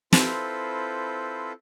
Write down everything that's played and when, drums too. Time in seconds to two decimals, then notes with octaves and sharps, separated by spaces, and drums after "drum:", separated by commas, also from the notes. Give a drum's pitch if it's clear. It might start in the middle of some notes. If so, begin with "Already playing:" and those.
0.13 C4 E4 F4 A4 B4 C5, drum: snare